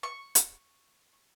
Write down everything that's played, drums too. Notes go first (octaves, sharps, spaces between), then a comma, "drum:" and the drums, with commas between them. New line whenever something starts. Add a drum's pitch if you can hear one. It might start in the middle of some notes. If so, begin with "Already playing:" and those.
C#6
drum: hi-hat